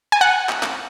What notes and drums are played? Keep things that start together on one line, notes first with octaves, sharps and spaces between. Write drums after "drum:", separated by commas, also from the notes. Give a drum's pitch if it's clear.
G#5
F#5
drum: clap
drum: clap